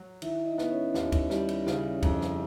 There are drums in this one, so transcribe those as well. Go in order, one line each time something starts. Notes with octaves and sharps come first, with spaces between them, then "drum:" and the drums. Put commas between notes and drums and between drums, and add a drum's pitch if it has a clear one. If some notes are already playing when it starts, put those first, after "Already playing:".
Already playing: F#3
D#3 E4 E5, drum: cymbal
D#4 D#5
B3, drum: snare
C#4 C#5
D#2, drum: snare
drum: kick, cymbal
G3, drum: snare
drum: cymbal
C#3, drum: snare
F2, drum: kick, cymbal
drum: snare